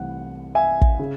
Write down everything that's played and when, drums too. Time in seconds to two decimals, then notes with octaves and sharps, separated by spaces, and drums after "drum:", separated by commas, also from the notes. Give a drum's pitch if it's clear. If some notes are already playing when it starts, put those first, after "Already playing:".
Already playing: C2 C3 E3 A3 F#5
0.55 E5 G#5
0.81 drum: kick
0.99 C#3